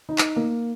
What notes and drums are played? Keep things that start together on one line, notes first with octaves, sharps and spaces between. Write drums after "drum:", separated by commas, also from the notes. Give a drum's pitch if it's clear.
D#4
drum: clap
A#3